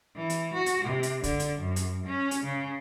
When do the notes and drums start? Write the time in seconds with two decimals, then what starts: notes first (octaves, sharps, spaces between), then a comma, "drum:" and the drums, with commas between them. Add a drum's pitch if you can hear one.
0.16 E3
0.30 drum: hi-hat
0.54 F#4
0.66 drum: hi-hat
0.85 C3
1.03 drum: hi-hat
1.24 D3, drum: kick, hi-hat
1.40 drum: hi-hat
1.60 F#2
1.76 drum: hi-hat
2.06 C#4
2.31 drum: hi-hat
2.44 C#3